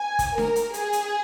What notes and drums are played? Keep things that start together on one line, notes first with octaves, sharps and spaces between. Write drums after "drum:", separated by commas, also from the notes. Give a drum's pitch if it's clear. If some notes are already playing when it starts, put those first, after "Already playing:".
Already playing: G#5
drum: kick, hi-hat
A#4, drum: snare D4
drum: hi-hat
G#4, drum: hi-hat
drum: hi-hat